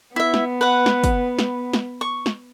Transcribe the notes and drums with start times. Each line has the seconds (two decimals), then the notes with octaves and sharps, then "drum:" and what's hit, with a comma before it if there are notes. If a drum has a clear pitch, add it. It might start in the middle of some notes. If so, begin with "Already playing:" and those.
0.16 B3 E4 E5
0.34 drum: snare
0.61 B4 F#5
0.86 drum: snare
1.04 drum: kick, hi-hat
1.39 drum: snare
1.73 drum: snare
2.01 C#6
2.26 drum: snare